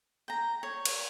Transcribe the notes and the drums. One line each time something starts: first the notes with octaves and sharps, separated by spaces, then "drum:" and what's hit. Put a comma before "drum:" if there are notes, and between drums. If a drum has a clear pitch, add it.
G5 A#5
C#5
drum: cymbal